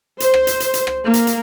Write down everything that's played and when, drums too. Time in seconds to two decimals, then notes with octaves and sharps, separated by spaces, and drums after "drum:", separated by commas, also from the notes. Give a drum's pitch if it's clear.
0.20 C5, drum: hi-hat
0.34 drum: rim click
0.47 drum: hi-hat
0.60 drum: hi-hat
0.74 drum: hi-hat
0.87 drum: rim click
1.04 A#3
1.14 drum: hi-hat
1.27 drum: hi-hat